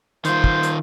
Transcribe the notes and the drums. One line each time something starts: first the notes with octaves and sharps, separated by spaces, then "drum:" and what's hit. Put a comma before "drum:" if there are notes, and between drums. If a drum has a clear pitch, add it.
D#3 F4 C5, drum: hi-hat
drum: kick
drum: hi-hat